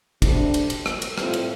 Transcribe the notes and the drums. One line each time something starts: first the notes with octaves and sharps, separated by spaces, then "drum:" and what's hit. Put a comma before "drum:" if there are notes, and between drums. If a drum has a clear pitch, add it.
D2 C3 G3 D4, drum: kick, cymbal
drum: cymbal
drum: cymbal
drum: rim click
drum: cymbal
A2 G3 C4 F4, drum: rim click
drum: cymbal